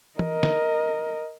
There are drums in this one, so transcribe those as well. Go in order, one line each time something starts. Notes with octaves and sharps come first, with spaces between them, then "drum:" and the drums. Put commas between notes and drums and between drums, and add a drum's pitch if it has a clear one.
A#4 D#5, drum: tom
drum: snare